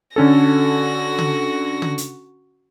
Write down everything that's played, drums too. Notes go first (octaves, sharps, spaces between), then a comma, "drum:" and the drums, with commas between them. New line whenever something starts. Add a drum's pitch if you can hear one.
D3 C#4 F#4 A4 A#6
drum: tom
drum: tom
drum: hi-hat